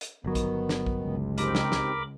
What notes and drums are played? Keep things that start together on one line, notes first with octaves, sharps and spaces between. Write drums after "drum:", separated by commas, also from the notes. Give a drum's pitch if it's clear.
drum: hi-hat
G1 D#3 F#3 B3
drum: kick A#1, hi-hat
drum: snare
drum: kick A#1
C#2
C4 D#4 G4 A#4 B5 D6, drum: hi-hat
drum: snare
drum: snare